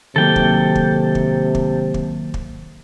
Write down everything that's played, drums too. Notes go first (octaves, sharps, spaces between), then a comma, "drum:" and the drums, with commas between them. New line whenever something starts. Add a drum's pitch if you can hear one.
C3 D#3 F#3 A#3 A4 G5
drum: kick
drum: kick
drum: kick
drum: kick
drum: kick
drum: kick